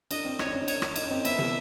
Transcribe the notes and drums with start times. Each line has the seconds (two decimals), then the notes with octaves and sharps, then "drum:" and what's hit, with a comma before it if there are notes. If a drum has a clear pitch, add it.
0.11 D4 D#5, drum: cymbal
0.25 C4
0.39 D#4 C#5, drum: rim click
0.47 D4
0.53 C#4
0.61 D4
0.68 C#5, drum: cymbal
0.82 drum: rim click
0.96 D#4, drum: cymbal
1.04 C#4
1.10 C4
1.25 B3 E5, drum: cymbal
1.39 drum: tom